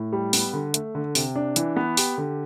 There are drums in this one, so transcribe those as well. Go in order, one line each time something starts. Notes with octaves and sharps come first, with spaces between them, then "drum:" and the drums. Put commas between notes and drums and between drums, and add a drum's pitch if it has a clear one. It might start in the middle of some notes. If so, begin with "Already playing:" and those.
Already playing: A2
G3
B3, drum: open hi-hat
D3
A3, drum: hi-hat
D3
C3, drum: open hi-hat
D4
E3, drum: hi-hat
B3
G4, drum: open hi-hat
D3